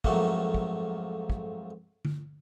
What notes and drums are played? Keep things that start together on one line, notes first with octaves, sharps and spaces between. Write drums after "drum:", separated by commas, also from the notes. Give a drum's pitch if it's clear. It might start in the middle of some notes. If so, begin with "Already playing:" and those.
F2 G#2 F#3 A3 A#3, drum: kick
drum: kick
drum: kick
drum: tom D3